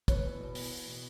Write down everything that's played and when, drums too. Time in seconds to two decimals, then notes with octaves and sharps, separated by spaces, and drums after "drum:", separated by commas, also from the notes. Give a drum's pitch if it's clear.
0.08 B2 B4 C#5, drum: kick, hi-hat
0.23 E2
0.40 B2
0.55 E2, drum: open hi-hat
0.71 E2
0.87 B2